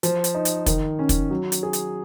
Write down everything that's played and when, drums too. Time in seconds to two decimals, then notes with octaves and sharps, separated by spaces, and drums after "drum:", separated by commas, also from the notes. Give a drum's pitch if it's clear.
0.03 F3, drum: hi-hat
0.24 drum: hi-hat
0.35 D#4
0.45 drum: hi-hat
0.66 D#3, drum: kick, hi-hat
0.99 C#4
1.09 drum: kick, hi-hat
1.31 F#3
1.52 drum: hi-hat
1.63 G#4
1.73 drum: hi-hat